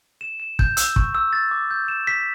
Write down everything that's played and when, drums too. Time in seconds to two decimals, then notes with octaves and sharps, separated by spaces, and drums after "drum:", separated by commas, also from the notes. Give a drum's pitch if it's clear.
0.21 E7
0.40 E7
0.59 G6, drum: kick
0.77 E6, drum: hi-hat
0.96 C#6, drum: kick
1.15 E6
1.33 A6
1.51 D6
1.71 G6
1.88 E7
2.07 B6